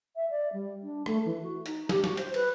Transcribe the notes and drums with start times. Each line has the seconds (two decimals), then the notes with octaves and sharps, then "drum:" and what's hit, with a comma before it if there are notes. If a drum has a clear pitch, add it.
0.16 E5
0.30 D5
0.53 G3
0.83 D4
1.06 A3, drum: rim click
1.25 E3
1.43 F#4
1.66 D#4, drum: hi-hat
1.89 G4, drum: snare
2.04 F#4, drum: snare
2.17 C5, drum: hi-hat
2.34 B4, drum: cymbal